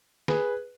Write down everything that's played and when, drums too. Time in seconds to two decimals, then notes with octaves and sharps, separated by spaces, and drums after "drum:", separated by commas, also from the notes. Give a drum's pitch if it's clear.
0.28 G#4 B4, drum: snare